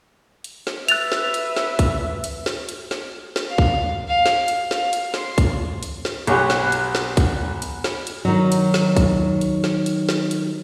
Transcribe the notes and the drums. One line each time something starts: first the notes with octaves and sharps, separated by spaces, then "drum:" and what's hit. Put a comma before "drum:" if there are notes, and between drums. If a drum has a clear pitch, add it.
drum: hi-hat
drum: snare
B4 E5 F#6 A6 F7, drum: hi-hat
drum: snare
drum: hi-hat
drum: snare
drum: kick, hi-hat
drum: hi-hat
drum: snare
drum: hi-hat
drum: snare
drum: snare
F5
drum: kick
F5
drum: snare
drum: hi-hat
F5, drum: snare
drum: hi-hat
C6, drum: snare
drum: kick, hi-hat
drum: hi-hat
drum: snare
B1 G4 B4 C#5 F#5 G#5, drum: hi-hat
drum: snare
drum: hi-hat
drum: snare
drum: kick, hi-hat
drum: hi-hat
drum: snare
drum: hi-hat
D#3 F#3
drum: hi-hat
drum: snare
drum: kick, hi-hat
drum: hi-hat
drum: snare
drum: hi-hat
drum: snare
drum: hi-hat